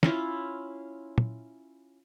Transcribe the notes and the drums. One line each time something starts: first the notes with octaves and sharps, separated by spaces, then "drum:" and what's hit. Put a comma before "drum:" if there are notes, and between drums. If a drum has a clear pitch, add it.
C#4 E4 F4, drum: snare
drum: tom